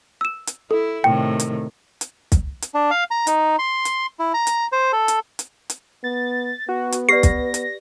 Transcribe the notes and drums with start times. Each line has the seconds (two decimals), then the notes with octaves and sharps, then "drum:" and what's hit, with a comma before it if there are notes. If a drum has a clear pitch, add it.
0.21 E6 E7
0.47 drum: hi-hat
0.71 E4 A4
1.04 A2 C3 D#3 G5
1.40 drum: hi-hat
2.01 drum: hi-hat
2.32 drum: kick, hi-hat
2.62 drum: hi-hat
2.74 D4
2.91 F5
3.11 A#5
3.27 D#4, drum: hi-hat
3.59 C6
3.85 drum: hi-hat
4.19 E4
4.34 A#5
4.47 drum: hi-hat
4.72 C5
4.93 A4
5.08 drum: hi-hat
5.39 drum: hi-hat
5.70 drum: hi-hat
6.04 B3 A6
6.69 B3 F#4
6.92 drum: hi-hat
7.09 G4 B4 D5 A#6 C7
7.23 drum: kick, hi-hat
7.54 drum: hi-hat